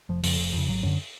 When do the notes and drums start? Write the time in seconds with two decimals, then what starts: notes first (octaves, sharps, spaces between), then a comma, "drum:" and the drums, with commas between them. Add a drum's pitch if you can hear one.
0.09 F1 F3
0.23 F2 C#3 F3, drum: open hi-hat
0.39 F1
0.53 F2 C#3
0.68 G#1 F#3
0.83 F#2 D3 C#4